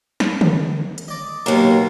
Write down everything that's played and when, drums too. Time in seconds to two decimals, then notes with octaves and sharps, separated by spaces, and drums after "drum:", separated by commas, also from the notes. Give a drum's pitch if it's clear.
0.20 drum: snare
0.41 drum: tom D3
0.98 drum: hi-hat
1.08 D5 D#5
1.46 D#2 B2 F#3 A#3